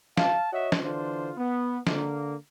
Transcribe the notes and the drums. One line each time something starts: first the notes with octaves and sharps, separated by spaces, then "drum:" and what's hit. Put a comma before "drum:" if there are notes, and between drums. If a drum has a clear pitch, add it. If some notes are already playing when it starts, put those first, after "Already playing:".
F5 A5, drum: snare
F#4 C#5 D#5 E5 F#5
drum: snare
D3 E3 D4 F4 C5
B3
D3 A#3, drum: snare